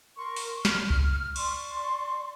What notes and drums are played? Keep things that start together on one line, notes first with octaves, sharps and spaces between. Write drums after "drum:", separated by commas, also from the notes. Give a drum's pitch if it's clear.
A#4 C6 C#6
drum: open hi-hat
F6, drum: snare
drum: kick C2
D5 C6 C#6, drum: cymbal